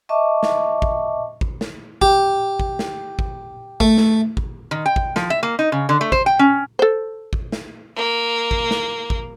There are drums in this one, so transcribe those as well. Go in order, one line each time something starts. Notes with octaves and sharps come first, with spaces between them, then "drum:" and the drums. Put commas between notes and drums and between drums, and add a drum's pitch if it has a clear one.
D#5 E5 A5 C#6 D6
drum: snare
drum: kick G#1
drum: kick G#1
drum: snare
G4, drum: kick G#1
drum: kick G#1
drum: snare
drum: kick G#1
A3, drum: kick G#1
drum: snare
drum: kick G#1
D#3
G5
drum: kick G#1
F3, drum: snare
E5
A#3
D#4
C#3
D3
A3
C5, drum: kick G#1
G5
C#4
A4 C5
drum: kick G#1
drum: snare
A#3
drum: kick G#1
drum: snare
drum: kick G#1